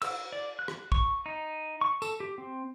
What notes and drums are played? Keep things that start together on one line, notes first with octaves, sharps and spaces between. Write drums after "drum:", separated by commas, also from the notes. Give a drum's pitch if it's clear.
E6, drum: cymbal
D5
F#6
drum: rim click
C#6, drum: kick
D#4
C#6
A4, drum: tambourine
G4
C4